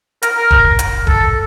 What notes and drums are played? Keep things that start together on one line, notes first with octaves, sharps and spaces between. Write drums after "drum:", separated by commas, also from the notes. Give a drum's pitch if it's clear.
A#4, drum: hi-hat
A#4
drum: kick D#1
drum: hi-hat
A4, drum: kick D#1